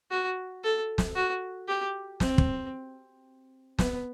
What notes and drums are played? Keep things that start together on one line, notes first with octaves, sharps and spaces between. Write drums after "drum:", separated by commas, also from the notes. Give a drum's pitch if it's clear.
F#4
A4
drum: snare
F#4
G4
C4, drum: snare
drum: kick
B3, drum: snare